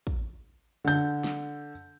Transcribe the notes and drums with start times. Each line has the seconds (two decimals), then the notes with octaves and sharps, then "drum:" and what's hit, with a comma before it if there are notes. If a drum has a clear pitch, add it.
0.07 drum: kick
0.84 D3 G6
1.24 drum: snare